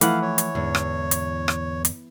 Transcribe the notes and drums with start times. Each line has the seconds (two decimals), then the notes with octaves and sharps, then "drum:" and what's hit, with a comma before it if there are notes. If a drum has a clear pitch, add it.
0.01 E3 F3 A3 F5 F#5, drum: hi-hat
0.22 C#5
0.38 drum: hi-hat
0.55 E2 G#2 D3
0.75 drum: rim click
1.11 drum: hi-hat
1.48 drum: rim click
1.85 drum: hi-hat